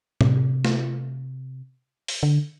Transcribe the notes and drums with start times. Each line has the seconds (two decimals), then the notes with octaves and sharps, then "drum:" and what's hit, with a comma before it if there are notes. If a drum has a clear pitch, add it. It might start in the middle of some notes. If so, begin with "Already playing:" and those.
0.21 C3, drum: tom A2
0.65 drum: snare
2.08 drum: open hi-hat
2.23 D3